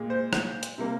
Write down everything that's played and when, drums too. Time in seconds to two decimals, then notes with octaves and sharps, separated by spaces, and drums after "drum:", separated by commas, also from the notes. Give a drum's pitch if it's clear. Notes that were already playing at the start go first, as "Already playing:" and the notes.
Already playing: A#2 G#3
0.10 C5
0.33 drum: rim click
0.63 drum: hi-hat
0.78 C3 G3 A#3